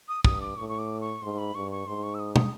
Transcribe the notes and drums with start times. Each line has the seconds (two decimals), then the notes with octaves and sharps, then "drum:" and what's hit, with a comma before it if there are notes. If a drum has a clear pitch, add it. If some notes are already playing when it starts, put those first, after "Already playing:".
0.08 D#6
0.24 G2 D#6, drum: kick
0.41 D6
0.57 A2 C#6
0.69 C#6
0.79 D6
1.01 C#6
1.22 G#2 C6
1.38 B5
1.55 G2 C#6
1.71 C#6
1.86 G#2 C6
2.03 C#6
2.14 E6
2.19 D#6
2.36 D#6, drum: tom